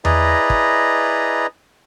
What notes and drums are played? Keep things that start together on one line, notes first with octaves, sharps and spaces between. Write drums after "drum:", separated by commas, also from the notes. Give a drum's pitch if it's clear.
E4 G#4 B4 D5 D#5 A#5, drum: tom E2
drum: kick